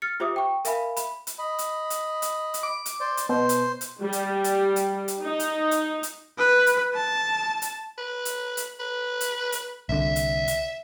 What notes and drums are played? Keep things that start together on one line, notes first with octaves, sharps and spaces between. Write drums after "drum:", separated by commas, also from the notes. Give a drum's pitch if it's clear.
F6 A6 C#7
F4 G4 C5 E5 D6 D#6
G5 C#6
A#4 E5 F5 G#5 B5, drum: hi-hat
B5, drum: hi-hat
drum: hi-hat
D#5 B5
drum: hi-hat
drum: hi-hat
drum: hi-hat
drum: hi-hat
D6
drum: hi-hat
C5 D5
drum: hi-hat
B2 C5
drum: hi-hat
drum: hi-hat
G3
drum: hi-hat
drum: hi-hat
drum: hi-hat
drum: hi-hat
D#4
drum: hi-hat
drum: hi-hat
drum: hi-hat
B4
drum: hi-hat
A5
drum: hi-hat
B4
drum: hi-hat
drum: hi-hat
B4
drum: hi-hat
drum: hi-hat
C2 D3 E5
drum: hi-hat
drum: hi-hat